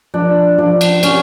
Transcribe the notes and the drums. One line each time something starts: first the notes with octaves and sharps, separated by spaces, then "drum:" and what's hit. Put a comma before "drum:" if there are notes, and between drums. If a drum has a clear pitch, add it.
F3 D4
F3 D4
drum: cymbal
C3 C#4, drum: cymbal